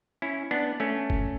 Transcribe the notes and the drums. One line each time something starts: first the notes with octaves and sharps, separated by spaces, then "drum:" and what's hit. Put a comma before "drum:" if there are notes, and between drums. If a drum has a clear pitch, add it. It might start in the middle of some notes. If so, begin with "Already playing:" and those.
C#4 E4
B3 D4
A3 C#4
drum: kick